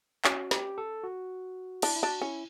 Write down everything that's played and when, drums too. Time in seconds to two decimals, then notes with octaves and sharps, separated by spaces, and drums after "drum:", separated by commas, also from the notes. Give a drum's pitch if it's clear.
0.24 C#4 F#4, drum: clap
0.51 G4, drum: snare
0.78 A4
1.04 F#4
1.82 D4 E4, drum: cymbal
1.96 E4
2.03 D4 F#4
2.21 C#4 E4